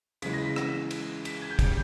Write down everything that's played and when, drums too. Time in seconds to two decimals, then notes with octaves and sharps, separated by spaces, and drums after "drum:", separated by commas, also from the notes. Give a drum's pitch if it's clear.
0.22 C#3 E3 G#3 B6, drum: cymbal
0.33 A#6
0.45 B6
0.56 drum: rim click
0.91 drum: cymbal
1.25 B6, drum: cymbal
1.42 G#6
1.50 G6
1.59 C#3 G3, drum: kick, cymbal